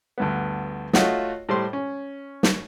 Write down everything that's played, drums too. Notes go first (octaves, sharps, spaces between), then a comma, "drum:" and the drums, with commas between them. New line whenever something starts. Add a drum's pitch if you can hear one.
D2 G2 B3
A3 F4 F#4 C#5 D#5, drum: snare
A2 G3 C5 C6
C#4
drum: snare